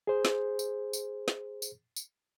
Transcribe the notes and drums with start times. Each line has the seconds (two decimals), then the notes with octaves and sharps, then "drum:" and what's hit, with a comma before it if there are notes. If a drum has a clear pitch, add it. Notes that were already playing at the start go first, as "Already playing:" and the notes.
0.07 G#4 C5
0.25 drum: snare
0.59 drum: tambourine
0.93 drum: tambourine
1.28 drum: snare
1.62 drum: tambourine
1.96 drum: tambourine